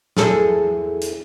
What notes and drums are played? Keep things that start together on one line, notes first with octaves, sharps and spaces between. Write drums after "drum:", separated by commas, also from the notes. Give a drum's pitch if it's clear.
E2 G#4 A4, drum: snare
drum: hi-hat